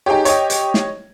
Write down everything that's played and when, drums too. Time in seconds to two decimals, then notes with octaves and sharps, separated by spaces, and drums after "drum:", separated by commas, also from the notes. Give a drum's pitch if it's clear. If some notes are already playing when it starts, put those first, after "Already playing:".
0.06 D#4 G4 G#4 C#5 G5
0.25 C#5 D#5, drum: hi-hat
0.50 drum: hi-hat
0.74 drum: snare